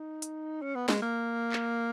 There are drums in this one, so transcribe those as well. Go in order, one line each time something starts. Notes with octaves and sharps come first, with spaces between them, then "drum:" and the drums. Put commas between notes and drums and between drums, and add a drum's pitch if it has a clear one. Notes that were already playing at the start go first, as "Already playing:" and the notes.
Already playing: D#4
drum: hi-hat
C#4
B3
G#3, drum: snare
A#3
drum: clap